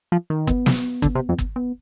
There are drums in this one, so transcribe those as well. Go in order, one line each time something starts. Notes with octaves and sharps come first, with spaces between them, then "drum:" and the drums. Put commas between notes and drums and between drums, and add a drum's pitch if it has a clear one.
F3
D#3
B3, drum: kick
drum: snare
D3, drum: kick
C3
F2
drum: kick
B3